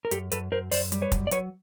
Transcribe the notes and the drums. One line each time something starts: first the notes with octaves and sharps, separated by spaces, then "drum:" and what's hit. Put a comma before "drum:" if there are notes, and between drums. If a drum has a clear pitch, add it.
A#4
F#2 G4 A4, drum: hi-hat
F#2 A4 B4, drum: hi-hat
F#2 A#4 C5
F#2 C5 D5, drum: open hi-hat
G3, drum: hi-hat
B4 C#5
F#2, drum: kick, hi-hat
D5
F#3 B4 C#5, drum: hi-hat